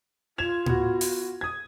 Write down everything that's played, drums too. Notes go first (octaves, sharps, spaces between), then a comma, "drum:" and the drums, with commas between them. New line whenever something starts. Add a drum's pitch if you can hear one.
F4 G#6 E7 F7
B3 F#4, drum: tom A2
drum: open hi-hat
D#6 G#6